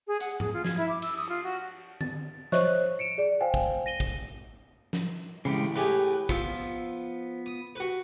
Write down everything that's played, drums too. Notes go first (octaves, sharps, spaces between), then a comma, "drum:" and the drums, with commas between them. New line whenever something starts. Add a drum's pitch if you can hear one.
G#4
F#5, drum: hi-hat
G#4, drum: tom G2
F4
G#6, drum: snare
E4
D6
E6, drum: cymbal
D#6
F4
F#4
A6, drum: tom D3
C5 C#5 D#5 E5 C#6 F#6, drum: snare
C#7 D7 E7
G#4 D5
C5 F5 G5 G#5
drum: kick
A#6 D#7 G7
drum: kick
drum: snare
A1 C#3 G#3 G4
A2 G4 G#4 B4
F3 B3 F4 E6, drum: kick
D#6
F#4 B4